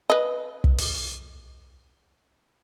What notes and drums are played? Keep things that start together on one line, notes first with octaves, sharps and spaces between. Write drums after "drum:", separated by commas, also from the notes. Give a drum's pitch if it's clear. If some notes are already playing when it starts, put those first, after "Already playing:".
B4 D#5
drum: kick
drum: open hi-hat